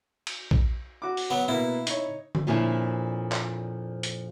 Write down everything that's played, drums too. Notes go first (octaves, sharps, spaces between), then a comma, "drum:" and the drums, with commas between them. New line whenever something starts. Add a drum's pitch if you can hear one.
drum: cymbal
drum: kick A#1
F#4 D6
drum: open hi-hat
F#3 B3
B2 A#3 B3 E4
D#4 C#5, drum: hi-hat
drum: tom D3
F2 A#2 F3 C#4 D4 E4
drum: clap
drum: hi-hat